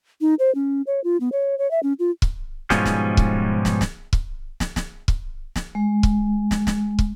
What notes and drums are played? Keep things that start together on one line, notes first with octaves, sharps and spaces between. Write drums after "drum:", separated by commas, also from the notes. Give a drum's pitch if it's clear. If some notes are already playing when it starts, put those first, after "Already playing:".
D#4
C5
C#4
C#5
F4
B3
C#5
C#5
E5
C#4
F4
drum: kick
G#2 B2 F3 G3 G#3 C#4, drum: snare
drum: snare
drum: kick
drum: snare
drum: snare
drum: kick
drum: snare
drum: snare
drum: kick
drum: snare
G#3
drum: kick
drum: snare
drum: snare
drum: kick